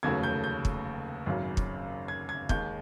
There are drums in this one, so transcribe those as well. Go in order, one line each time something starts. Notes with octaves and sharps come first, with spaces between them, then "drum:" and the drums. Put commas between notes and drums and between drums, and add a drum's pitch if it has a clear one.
F1 D#2 C#3 F#3 A3 G#6
G6
G6
drum: kick
G#1 F#2 C#3 F#3
drum: kick
G#6
G#6
D#2 D#3 G#3 G6, drum: kick